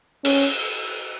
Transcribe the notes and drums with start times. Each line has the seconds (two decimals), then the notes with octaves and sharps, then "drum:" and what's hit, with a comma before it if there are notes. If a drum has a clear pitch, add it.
0.25 C#4, drum: cymbal